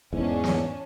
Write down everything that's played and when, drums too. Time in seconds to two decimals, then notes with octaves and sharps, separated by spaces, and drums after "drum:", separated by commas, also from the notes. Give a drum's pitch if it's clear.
0.13 E2 G#2 C#4 D4
0.44 drum: snare